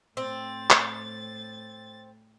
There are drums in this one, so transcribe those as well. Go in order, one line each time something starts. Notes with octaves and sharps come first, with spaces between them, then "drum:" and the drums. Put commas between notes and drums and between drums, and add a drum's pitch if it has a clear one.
A2 C4 A6
drum: clap